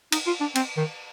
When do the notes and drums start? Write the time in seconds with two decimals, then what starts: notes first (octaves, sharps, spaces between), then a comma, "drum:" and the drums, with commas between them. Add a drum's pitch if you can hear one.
0.12 D#4, drum: cymbal
0.27 F4
0.40 D4
0.55 C4, drum: cymbal
0.77 D#3